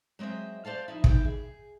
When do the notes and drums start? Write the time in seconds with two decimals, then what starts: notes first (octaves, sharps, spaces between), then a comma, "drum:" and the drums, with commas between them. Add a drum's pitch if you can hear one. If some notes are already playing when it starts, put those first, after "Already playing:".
0.19 F#3 G#3 C4 D#5 E5
0.65 C5 D5 F5 A5
0.88 F3 D#4 E4
1.04 B2 D#3 E4 G4 E5, drum: kick
1.25 G#4